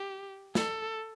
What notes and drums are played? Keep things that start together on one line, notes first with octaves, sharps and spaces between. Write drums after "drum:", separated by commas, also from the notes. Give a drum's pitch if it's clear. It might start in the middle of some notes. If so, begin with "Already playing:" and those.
Already playing: G4
A4, drum: snare